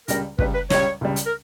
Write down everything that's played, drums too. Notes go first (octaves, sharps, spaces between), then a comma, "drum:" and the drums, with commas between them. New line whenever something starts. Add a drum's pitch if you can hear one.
C#2 C#3 G3 A#4, drum: hi-hat
C#2 C#3 G3 B4, drum: kick
B4
C#2 C#3 G3 C#5, drum: snare
C#2 C#3 G3
drum: hi-hat
A#4